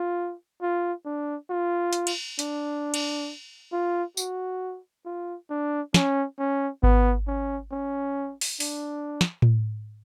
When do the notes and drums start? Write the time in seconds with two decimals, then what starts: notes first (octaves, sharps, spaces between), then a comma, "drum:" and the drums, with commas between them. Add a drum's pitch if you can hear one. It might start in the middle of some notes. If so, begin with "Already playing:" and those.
Already playing: F4
0.62 F4
1.05 D4
1.50 F4
1.93 drum: hi-hat
2.07 drum: cymbal
2.39 D4, drum: hi-hat
2.94 drum: cymbal
3.72 F4
4.17 F#4, drum: tambourine
5.05 F4
5.50 D4
5.94 C#4, drum: snare
6.39 C#4
6.83 B3, drum: kick G#1
7.28 C#4
7.72 C#4
8.41 drum: open hi-hat
8.60 D4, drum: open hi-hat
9.21 drum: snare
9.42 drum: tom A2